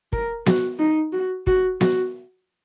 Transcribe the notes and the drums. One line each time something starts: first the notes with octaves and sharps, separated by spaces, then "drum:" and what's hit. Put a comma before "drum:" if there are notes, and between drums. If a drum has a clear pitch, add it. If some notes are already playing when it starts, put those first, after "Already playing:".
A#4, drum: kick
F#4, drum: snare B3
D#4
F#4
F#4, drum: kick
F#4, drum: snare B3